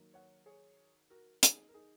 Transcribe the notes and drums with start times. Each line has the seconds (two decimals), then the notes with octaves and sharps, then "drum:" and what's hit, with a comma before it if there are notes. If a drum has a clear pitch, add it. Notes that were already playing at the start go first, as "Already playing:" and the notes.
Already playing: D#3 F#3 A#3
0.14 C#5 F#5
0.46 G#4 C#5
1.10 F#4 A#4
1.43 D#4 G#4, drum: hi-hat
1.69 A#4
1.74 D#4 G#4